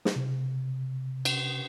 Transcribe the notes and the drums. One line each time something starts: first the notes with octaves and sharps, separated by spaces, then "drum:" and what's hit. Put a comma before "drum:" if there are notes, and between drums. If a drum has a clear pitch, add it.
drum: snare
C3
drum: cymbal